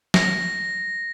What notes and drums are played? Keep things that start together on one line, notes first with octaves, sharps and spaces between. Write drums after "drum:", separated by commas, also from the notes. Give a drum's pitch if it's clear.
A#6, drum: snare